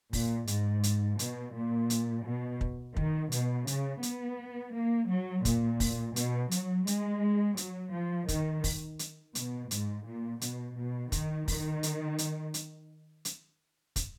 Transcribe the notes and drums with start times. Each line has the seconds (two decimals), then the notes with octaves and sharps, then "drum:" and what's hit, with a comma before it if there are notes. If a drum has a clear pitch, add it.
0.13 A#2, drum: kick, open hi-hat
0.47 G#2, drum: hi-hat
0.83 drum: hi-hat
1.19 B2, drum: hi-hat
1.55 A#2
1.90 drum: hi-hat
2.25 B2
2.61 drum: kick
2.97 D#3, drum: kick
3.32 B2, drum: hi-hat
3.67 C#3, drum: hi-hat
4.03 B3, drum: hi-hat
4.74 A#3
5.09 F#3
5.45 A#2, drum: kick, hi-hat
5.80 drum: kick, open hi-hat
6.16 B2, drum: hi-hat
6.51 F#3, drum: hi-hat
6.87 G#3, drum: hi-hat
7.57 F#3, drum: hi-hat
7.93 F3
8.28 D#3, drum: kick, hi-hat
8.64 drum: kick, open hi-hat
8.99 drum: hi-hat
9.35 B2, drum: hi-hat
9.71 G#2, drum: hi-hat
10.06 A#2
10.41 B2, drum: hi-hat
10.76 B2
11.12 D#3, drum: kick, hi-hat
11.48 D#3, drum: kick, open hi-hat
11.83 drum: hi-hat
12.18 drum: hi-hat
12.54 drum: hi-hat
13.25 drum: hi-hat
13.96 drum: kick, hi-hat